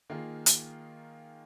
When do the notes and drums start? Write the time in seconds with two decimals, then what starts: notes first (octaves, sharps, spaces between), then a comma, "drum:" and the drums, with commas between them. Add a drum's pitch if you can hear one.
0.10 D#3 A#3 F4 G#4
0.46 drum: hi-hat